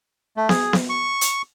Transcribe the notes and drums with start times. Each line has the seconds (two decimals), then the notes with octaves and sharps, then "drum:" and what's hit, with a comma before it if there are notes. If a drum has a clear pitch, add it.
0.37 A3
0.49 G#4, drum: snare B3
0.73 drum: snare B3
0.89 C#6
1.21 drum: hi-hat